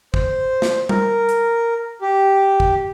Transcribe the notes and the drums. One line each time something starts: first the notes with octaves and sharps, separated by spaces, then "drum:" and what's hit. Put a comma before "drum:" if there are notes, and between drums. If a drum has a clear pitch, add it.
C5, drum: kick
drum: snare
A#4, drum: tom
drum: hi-hat
G4
drum: kick